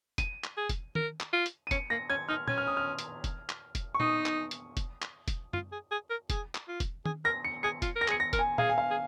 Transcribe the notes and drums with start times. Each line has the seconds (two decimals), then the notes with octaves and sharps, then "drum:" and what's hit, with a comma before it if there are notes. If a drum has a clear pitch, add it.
0.18 D#7, drum: kick F1, hi-hat
0.44 drum: clap
0.57 G#4
0.69 drum: kick F1, hi-hat
0.95 A#4, drum: tom D#3
1.20 drum: clap
1.33 F4
1.46 drum: hi-hat
1.67 D#7
1.71 C#4 C#7, drum: kick F1, hi-hat
1.90 A#3 A#6
2.09 C#4 G#6
2.29 D#4 F6
2.48 C#4 G#6, drum: tom A#2
2.58 F6
2.67 D#6
2.77 F6
2.99 drum: hi-hat
3.24 drum: kick F1, hi-hat
3.49 drum: clap
3.75 drum: kick F1, hi-hat
3.94 C#6
4.00 D#4 D#6, drum: tom A#2
4.26 drum: clap
4.51 drum: hi-hat
4.77 drum: kick F1, hi-hat
5.02 drum: clap
5.28 drum: kick F1, hi-hat
5.53 F4, drum: tom F#2
5.72 G#4
5.91 G#4
6.10 A#4
6.30 G#4, drum: kick F1, hi-hat
6.55 drum: clap
6.68 F4
6.80 drum: kick F1, hi-hat
7.06 G#4, drum: tom D#3
7.25 A#4 A#6
7.45 C#7
7.63 G#4 C#7
7.82 F4, drum: kick F1, hi-hat
7.96 A#4
8.01 A#6
8.08 G#4, drum: clap
8.11 C#7
8.20 A#6
8.33 A#4, drum: kick F1, hi-hat
8.39 G#5
8.58 G#4 F5, drum: tom A#2
8.69 G#5
8.78 F5
8.91 G#4